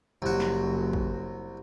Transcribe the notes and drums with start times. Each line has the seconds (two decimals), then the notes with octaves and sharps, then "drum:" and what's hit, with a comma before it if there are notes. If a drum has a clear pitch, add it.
0.22 F#1 C2 F#4
0.40 drum: snare
0.93 drum: kick